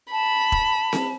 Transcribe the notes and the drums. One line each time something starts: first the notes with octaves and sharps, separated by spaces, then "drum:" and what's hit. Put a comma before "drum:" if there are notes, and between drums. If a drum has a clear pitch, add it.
A5 B5
drum: kick E1
drum: snare C4